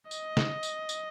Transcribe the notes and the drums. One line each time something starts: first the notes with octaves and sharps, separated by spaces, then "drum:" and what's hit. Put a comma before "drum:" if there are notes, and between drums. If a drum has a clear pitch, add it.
D#5, drum: tambourine
drum: snare
drum: tambourine
drum: tambourine